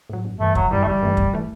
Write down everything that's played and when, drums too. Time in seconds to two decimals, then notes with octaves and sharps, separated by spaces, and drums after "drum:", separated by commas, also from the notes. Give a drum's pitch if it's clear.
0.10 A2 F#3
0.25 G1
0.40 G2 E3 A3
0.55 G1 F#3, drum: kick
0.71 G2 E3 G3
0.83 A3
0.86 G1 G3
1.02 G2 E3 A3
1.17 G1, drum: kick
1.33 E3 A3